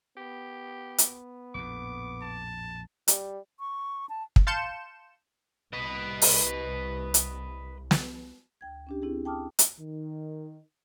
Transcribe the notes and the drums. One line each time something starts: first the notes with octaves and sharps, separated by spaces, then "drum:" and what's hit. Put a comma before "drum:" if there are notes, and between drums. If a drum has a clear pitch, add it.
B3 G4
drum: hi-hat
A#1 F2 A2 D6
A5
G3, drum: hi-hat
C#6
A5
drum: kick
F5 A5 C6 G6 C#7 E7
C2 B4 D#5
drum: open hi-hat
drum: hi-hat
drum: snare
D2 G5 G#6
C#4 D4 G4
C4 E4 G4 G#4
G5 A5 D6 D#6 F6
drum: hi-hat
D#3